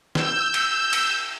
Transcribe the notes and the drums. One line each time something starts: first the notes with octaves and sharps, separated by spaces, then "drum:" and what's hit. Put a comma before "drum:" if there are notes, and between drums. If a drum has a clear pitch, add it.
E6 G6, drum: snare
drum: cymbal
drum: cymbal